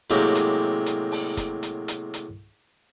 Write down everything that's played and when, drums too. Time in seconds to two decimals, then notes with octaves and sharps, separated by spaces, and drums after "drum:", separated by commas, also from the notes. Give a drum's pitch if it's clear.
0.10 A2 C3 F#3 G#3 A#3 G4
0.35 drum: hi-hat
0.86 drum: hi-hat
1.12 drum: open hi-hat
1.37 drum: kick, hi-hat
1.63 drum: hi-hat
1.88 drum: hi-hat
2.14 drum: hi-hat